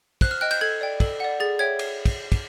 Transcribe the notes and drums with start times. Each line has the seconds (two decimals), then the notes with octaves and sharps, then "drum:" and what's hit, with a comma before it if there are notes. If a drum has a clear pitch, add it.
0.21 C5 F#6, drum: kick, cymbal
0.31 F6
0.41 D#5 G5 F#6
0.51 G6, drum: cymbal
0.61 A4 G#6
0.81 D5 G5
1.00 A4, drum: kick, cymbal
1.20 D5 F#5
1.40 G#4 A6
1.59 C#5 E5 G5 G#6
1.79 drum: cymbal
2.05 drum: kick, cymbal
2.32 drum: kick, cymbal